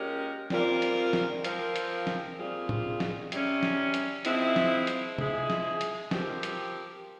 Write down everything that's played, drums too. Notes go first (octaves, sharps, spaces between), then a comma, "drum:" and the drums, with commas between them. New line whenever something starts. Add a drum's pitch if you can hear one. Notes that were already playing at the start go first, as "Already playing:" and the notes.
Already playing: A#2 G#3 C#4 G4 A#4
A#2 G3 C4 F4 A#4, drum: snare
drum: hi-hat
drum: snare
F3 C4 F4 A#4, drum: hi-hat
drum: hi-hat
drum: snare
A#2 G3 C4 F4 G#4
drum: tom
drum: snare
C3 G3 C#4, drum: hi-hat
drum: snare
drum: hi-hat
F3 G#3 C4 E4, drum: hi-hat
drum: snare
drum: hi-hat
F3 G#3 E4 G#4, drum: tom
drum: snare
drum: hi-hat
F3 C4 G4 A#4, drum: snare
drum: hi-hat